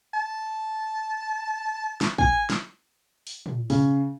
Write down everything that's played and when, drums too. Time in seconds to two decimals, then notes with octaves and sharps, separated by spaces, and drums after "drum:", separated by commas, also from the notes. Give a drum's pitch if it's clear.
0.14 A5
2.01 drum: snare
2.18 G#5, drum: kick
2.50 drum: snare
3.27 drum: open hi-hat
3.46 drum: tom
3.70 C#3, drum: open hi-hat